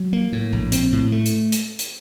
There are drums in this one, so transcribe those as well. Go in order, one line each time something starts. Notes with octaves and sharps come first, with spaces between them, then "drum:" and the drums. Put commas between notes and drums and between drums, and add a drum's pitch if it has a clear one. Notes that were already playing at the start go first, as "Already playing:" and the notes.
Already playing: F#3
A#3
A2
A#1
C4, drum: hi-hat
A2
A3
drum: hi-hat
drum: hi-hat
drum: hi-hat